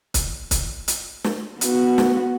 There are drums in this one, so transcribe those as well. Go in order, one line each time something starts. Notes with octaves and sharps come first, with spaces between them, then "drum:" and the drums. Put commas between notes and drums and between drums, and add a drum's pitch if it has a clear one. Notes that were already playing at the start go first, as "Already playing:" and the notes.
drum: kick, hi-hat
drum: kick, hi-hat
drum: hi-hat
drum: snare
B3 F#4, drum: hi-hat
drum: snare